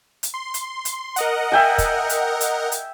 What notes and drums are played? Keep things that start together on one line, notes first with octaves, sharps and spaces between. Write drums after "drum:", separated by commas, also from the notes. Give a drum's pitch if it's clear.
drum: hi-hat
C6
drum: hi-hat
drum: hi-hat
A#4 D#5 F#5, drum: hi-hat
E5 G5 G#5
drum: kick, hi-hat
drum: hi-hat
drum: hi-hat
drum: hi-hat